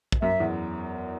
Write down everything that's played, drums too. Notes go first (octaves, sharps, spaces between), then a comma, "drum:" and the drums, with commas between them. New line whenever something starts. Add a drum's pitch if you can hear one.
drum: kick
F#2 E5
E2